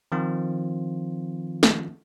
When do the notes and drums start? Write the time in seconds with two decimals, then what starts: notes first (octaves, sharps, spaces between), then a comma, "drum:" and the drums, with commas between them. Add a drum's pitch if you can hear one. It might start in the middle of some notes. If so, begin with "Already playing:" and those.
0.12 D#3 F3 C4 F4
1.63 drum: snare